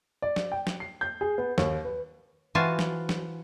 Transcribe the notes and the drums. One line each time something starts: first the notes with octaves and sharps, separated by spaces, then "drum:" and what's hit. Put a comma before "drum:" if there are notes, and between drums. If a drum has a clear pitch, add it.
D5
drum: snare
G5
drum: snare
C7
G6
G#4
B3
D#2, drum: snare
B4
E3 F4 F#4 C5 G#5 A5
drum: snare
drum: snare